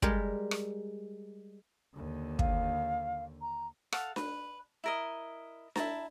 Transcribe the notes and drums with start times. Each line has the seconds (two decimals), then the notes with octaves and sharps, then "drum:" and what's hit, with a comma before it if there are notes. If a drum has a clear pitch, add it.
0.02 G3 G#3 G4 A#4, drum: kick
0.51 drum: rim click
1.95 D#2 D3
2.39 F5, drum: kick
3.41 A#5
3.92 A4 F5 F#5, drum: rim click
4.16 B4, drum: snare D4
4.84 E4 A#4 D#5
5.76 E4 F#4 A5 A#5, drum: snare D4